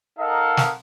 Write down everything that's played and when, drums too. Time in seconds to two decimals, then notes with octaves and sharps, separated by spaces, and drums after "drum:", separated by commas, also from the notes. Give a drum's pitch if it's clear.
0.19 D#4 A4 A#4 D#5 F5 F#5
0.57 drum: snare